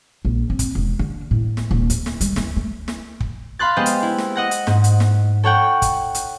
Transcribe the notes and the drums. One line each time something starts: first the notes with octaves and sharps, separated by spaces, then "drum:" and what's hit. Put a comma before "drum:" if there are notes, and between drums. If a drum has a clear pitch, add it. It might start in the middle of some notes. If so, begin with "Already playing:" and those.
A#1
C4
drum: kick, hi-hat
E1
D3
A2
drum: snare
D#1
D2, drum: hi-hat
drum: snare
G3, drum: hi-hat
D2, drum: snare
A3
drum: snare
drum: kick
F5 B5 C6 F#6 A6
G#3 B3 G4 C5 D#5
drum: hi-hat
E4
drum: snare
D#5 F#5 A#6
drum: hi-hat
G#2, drum: snare
drum: hi-hat
drum: snare
A4 C#5 F#5 G5
drum: kick, hi-hat
drum: hi-hat